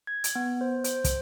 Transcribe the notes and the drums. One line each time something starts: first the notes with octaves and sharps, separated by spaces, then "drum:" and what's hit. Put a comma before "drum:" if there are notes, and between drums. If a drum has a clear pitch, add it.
G#6
drum: hi-hat
B3
C5
C5, drum: hi-hat
drum: kick, hi-hat